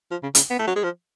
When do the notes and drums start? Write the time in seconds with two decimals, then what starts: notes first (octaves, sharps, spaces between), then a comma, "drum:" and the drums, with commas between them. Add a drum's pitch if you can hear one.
0.11 F3
0.23 C#3
0.35 C#3, drum: hi-hat
0.50 B3
0.59 A3
0.67 F#3
0.76 G#3
0.84 F3